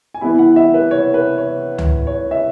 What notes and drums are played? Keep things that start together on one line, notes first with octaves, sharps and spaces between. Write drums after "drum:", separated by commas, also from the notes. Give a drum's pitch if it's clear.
G#5
E3 B3 E4 B5
F#5
E5
B4
C#5
B4
C#5
drum: tom C#2
C#5
E5